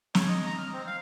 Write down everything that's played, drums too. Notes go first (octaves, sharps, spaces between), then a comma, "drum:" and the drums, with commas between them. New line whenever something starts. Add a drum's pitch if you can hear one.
C#5, drum: snare
D#5
A#5
F6
C4
F5